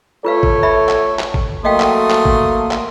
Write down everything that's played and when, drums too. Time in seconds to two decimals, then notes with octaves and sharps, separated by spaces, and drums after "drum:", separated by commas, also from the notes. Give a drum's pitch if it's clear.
0.25 A3 F4 A4 B4 C#5 F5
0.43 drum: kick G#1
0.63 E5 B5
0.89 drum: clap
1.19 drum: clap
1.34 drum: kick G#1
1.65 F#3 A3 A#3 D#5 F5 G5 C6 D#6
1.80 drum: clap
2.10 drum: clap
2.25 drum: kick G#1
2.71 drum: clap